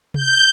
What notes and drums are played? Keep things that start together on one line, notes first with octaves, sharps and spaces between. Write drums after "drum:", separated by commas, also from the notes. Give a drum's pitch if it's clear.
G6, drum: tom C3